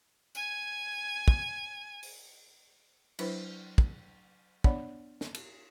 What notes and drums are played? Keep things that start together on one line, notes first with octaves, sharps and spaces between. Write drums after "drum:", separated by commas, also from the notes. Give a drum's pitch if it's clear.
G#5 G#6, drum: tambourine
drum: kick
drum: open hi-hat
F#3 D4 E4 B4 C5, drum: cymbal
drum: kick
B3 D4 C#5 D5 F#5, drum: kick
drum: snare
drum: cymbal